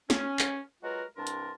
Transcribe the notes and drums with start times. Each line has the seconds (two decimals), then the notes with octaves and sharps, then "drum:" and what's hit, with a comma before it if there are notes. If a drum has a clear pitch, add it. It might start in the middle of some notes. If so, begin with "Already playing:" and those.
0.10 C#4, drum: snare
0.39 drum: clap
0.83 F#3 G#3 F4 F#4 A#4 B4
1.16 C2 G2 D4 A#4 A5 C6
1.27 drum: hi-hat